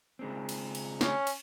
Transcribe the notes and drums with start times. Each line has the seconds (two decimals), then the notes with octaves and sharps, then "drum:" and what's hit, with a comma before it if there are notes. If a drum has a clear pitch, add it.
0.19 C#3 G#3 C4
0.49 drum: cymbal
0.75 drum: cymbal
1.01 C#4, drum: snare
1.27 drum: cymbal